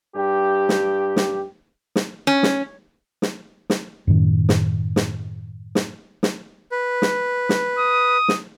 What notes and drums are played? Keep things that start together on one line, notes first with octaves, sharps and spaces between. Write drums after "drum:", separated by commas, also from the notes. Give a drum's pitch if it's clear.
G2 G4
drum: snare
drum: snare
drum: snare
C#4
drum: snare
drum: snare
drum: snare
F#2 A2 D#3 C#4
drum: snare
drum: snare
drum: snare
drum: snare
B4
drum: snare
drum: snare
D#6
drum: snare